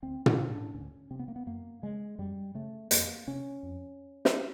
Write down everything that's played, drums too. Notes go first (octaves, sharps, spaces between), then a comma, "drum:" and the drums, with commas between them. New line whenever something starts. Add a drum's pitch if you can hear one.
D2 C4
C#4, drum: tom
C3
D4
D2 C#4
C3 C4
B3
A#3
B3
F#2 A#3
C#3 G#3
F#2 G3
C#3 A3
F2 A#3, drum: hi-hat
C3 C#4
F2
drum: snare